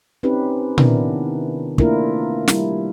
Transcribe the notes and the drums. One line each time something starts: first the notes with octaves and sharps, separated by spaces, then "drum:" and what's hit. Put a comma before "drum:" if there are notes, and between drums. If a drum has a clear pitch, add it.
C4 C#4 D#4 G4 B4
C3 D#3 B3 D4 E4 A#4, drum: tom A#2
A3 A#3 D4 E4 F4 A#4, drum: kick
G3 E4, drum: snare